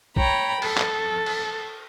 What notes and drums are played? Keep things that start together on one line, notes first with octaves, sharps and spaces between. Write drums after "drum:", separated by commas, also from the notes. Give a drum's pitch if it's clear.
C#5 G5 A#5 B5, drum: kick
A4, drum: cymbal
drum: clap
drum: cymbal